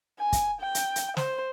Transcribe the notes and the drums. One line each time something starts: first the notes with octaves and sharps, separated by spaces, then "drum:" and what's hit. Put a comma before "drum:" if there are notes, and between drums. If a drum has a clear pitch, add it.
G#5
drum: kick, hi-hat
G5
drum: hi-hat
drum: hi-hat
C5, drum: snare